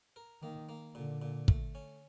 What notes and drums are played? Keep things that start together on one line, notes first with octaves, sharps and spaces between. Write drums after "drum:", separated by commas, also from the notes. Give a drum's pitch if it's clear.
A#4
D#3 A#3
A#3
A#2 D3
A#2
A3, drum: kick
C#4